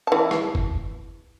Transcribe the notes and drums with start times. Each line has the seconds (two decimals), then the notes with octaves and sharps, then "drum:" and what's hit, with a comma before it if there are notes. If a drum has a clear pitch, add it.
0.07 E3 A5
0.31 drum: rim click
0.55 drum: kick F#1